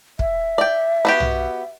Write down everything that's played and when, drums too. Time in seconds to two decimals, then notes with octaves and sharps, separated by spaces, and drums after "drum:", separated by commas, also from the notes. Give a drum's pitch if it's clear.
0.19 E5, drum: kick
0.58 D5 G5
1.05 B3 F#4 G4
1.20 drum: tom